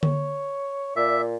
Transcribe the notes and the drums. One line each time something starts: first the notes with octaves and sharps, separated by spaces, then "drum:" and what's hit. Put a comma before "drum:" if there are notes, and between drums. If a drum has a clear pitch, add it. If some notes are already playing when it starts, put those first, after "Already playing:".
C#5, drum: tom D3
A#2 D5 E5